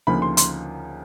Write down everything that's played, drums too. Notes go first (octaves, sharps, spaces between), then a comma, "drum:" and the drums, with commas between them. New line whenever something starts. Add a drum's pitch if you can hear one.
D2 C#3 F3 A#3 D#4 B5
C6
C6, drum: hi-hat